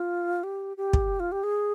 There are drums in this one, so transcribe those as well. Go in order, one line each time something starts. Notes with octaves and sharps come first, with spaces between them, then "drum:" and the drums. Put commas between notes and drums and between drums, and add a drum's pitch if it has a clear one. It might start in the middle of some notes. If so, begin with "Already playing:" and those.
Already playing: F4
G4
G4
drum: kick
F4
G4
G#4